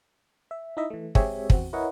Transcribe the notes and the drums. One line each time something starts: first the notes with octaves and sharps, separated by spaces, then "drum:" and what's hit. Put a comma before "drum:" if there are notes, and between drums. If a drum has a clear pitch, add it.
E5
D#4 E4 D#5 E5
E3 A3
G#3 C4 G4 G#4 C#5 E5, drum: kick
E2 C4 F#4, drum: kick
E4 A#4 B4 C#5 D#5 F#5